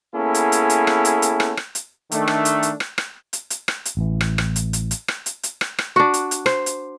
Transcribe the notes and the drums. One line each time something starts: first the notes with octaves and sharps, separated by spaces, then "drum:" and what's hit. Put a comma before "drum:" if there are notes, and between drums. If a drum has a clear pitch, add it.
A#3 B3 C#4 E4 G#4 A4
drum: hi-hat
drum: hi-hat
drum: hi-hat
drum: rim click
drum: hi-hat
drum: hi-hat
drum: rim click
drum: rim click
drum: hi-hat
D#3 A3 D4, drum: hi-hat
drum: rim click
drum: hi-hat
drum: hi-hat
drum: rim click
drum: rim click
drum: hi-hat
drum: hi-hat
drum: rim click
drum: hi-hat
A1 E3
drum: rim click
drum: rim click
drum: hi-hat
drum: hi-hat
drum: hi-hat
drum: rim click
drum: hi-hat
drum: hi-hat
drum: rim click
drum: rim click
D4 F#4
drum: hi-hat
drum: hi-hat
C5, drum: rim click
drum: hi-hat